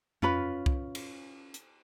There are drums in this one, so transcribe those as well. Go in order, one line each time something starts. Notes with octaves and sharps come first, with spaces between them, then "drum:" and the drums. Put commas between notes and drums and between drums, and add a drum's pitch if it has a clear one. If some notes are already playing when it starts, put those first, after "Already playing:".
C#4 F4 B4 B5, drum: tom F2
drum: kick C2
drum: cymbal
drum: hi-hat